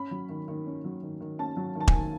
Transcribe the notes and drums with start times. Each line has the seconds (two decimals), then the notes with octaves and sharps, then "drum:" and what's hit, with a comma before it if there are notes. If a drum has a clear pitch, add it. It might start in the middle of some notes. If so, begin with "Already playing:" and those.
Already playing: C#4 B5
0.11 F#3
0.29 D#3
0.48 D#3
0.66 C#4
0.84 F#3
1.03 D#3
1.21 D#3
1.39 C#4 A5
1.57 F#3
1.75 D#3
1.80 A5
1.88 G#5, drum: kick E1
1.94 D#3